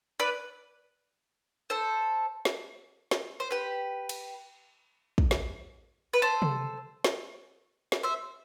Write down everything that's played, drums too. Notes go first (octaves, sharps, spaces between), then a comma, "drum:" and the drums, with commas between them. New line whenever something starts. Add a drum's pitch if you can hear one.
B4 D5
A4 C5
drum: snare
drum: snare
C5
G4 B4
drum: cymbal
drum: kick
drum: snare
B4
A4 C5
drum: tom C3
drum: snare
drum: snare
C5 E5